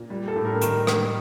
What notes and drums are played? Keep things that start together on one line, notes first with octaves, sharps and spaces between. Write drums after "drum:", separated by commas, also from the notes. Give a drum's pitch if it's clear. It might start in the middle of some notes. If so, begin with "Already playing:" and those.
Already playing: A#2
G3
A4
A2
A#4
D#3 A#4, drum: hi-hat
D#3, drum: rim click